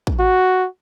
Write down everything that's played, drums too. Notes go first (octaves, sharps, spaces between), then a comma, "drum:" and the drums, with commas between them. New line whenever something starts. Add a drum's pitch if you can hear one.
drum: kick
F#4